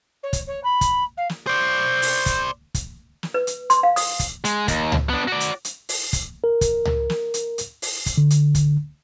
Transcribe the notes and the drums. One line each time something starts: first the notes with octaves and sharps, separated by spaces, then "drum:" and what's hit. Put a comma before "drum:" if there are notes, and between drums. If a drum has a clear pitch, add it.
C#5
drum: kick, hi-hat
C#5
B5
drum: kick, hi-hat
F5
drum: snare
C5 D5 G6
drum: open hi-hat
drum: kick, hi-hat
drum: kick, hi-hat
drum: snare
B4
drum: hi-hat
C6, drum: hi-hat
F5
D#6, drum: open hi-hat
drum: kick, hi-hat
G#3, drum: hi-hat
D#2, drum: kick, hi-hat
drum: tom C#2
B3 D4
F#4 D5
drum: hi-hat
drum: hi-hat
drum: open hi-hat
drum: kick, hi-hat
A#4
drum: kick, hi-hat
drum: tom C#2
drum: snare
drum: hi-hat
drum: hi-hat
drum: open hi-hat
drum: kick, hi-hat
D3
drum: hi-hat
drum: kick, hi-hat